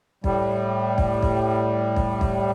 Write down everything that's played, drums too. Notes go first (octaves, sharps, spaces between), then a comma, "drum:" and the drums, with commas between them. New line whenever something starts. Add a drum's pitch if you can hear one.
A2 G3, drum: kick
drum: kick
drum: kick
drum: kick
drum: kick